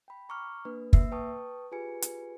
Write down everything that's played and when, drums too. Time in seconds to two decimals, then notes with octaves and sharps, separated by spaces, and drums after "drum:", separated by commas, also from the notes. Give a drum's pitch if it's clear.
0.08 G5 B5
0.29 A#5 C#6 D6 F6
0.65 A#3 D4 B4
0.93 A#3 E5 E6 C7, drum: kick
1.12 B4 G5 A5 C#6 D#6
1.72 F4 G4 G#4 B4 G#5 C#7
2.02 drum: hi-hat